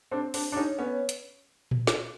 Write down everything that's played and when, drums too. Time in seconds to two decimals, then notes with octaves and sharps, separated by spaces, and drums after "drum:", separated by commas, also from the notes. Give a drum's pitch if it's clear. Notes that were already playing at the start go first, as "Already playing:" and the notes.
0.11 C4 D4
0.34 C4 D4, drum: open hi-hat
0.52 D4
0.56 C#4 D#4
0.78 B3 C#4
1.09 drum: hi-hat
1.71 drum: tom A#2
1.87 drum: snare